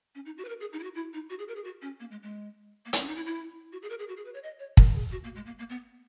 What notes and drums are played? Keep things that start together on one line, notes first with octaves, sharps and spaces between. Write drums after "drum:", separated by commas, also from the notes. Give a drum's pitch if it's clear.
C#4
D#4
F#4
B4
A#4
G#4
D#4
E4
F#4
E4
D#4
F#4
G#4
A#4
G#4
F#4
C#4
A#3
G#3
G#3
A#3
B3, drum: hi-hat
C#4
D#4
E4
E4
F#4
G#4
A#4
G#4
F#4
G#4
B4
C#5
D#5
C#5
A#4, drum: kick
G#4
F#4
A#3
G#3
A#3
A#3
B3